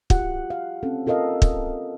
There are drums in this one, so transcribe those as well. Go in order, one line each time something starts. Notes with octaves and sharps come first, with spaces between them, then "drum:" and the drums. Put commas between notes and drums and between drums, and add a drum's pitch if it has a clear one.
F4 G4 F#5, drum: kick
F5
C4 C#4 A4
F4 A4 A#4 D#5 F5
drum: kick